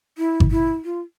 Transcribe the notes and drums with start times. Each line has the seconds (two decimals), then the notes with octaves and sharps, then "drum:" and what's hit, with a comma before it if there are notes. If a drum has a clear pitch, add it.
0.18 E4
0.40 drum: kick G#1
0.51 E4
0.85 F4